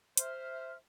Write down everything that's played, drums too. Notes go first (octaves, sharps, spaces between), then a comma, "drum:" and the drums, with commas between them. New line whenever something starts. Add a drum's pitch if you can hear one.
C5 E5 F6, drum: hi-hat